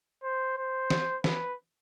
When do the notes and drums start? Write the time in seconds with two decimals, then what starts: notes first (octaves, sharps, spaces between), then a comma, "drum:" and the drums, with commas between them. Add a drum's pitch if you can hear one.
0.23 C5
0.57 C5
0.90 drum: snare
1.24 B4, drum: snare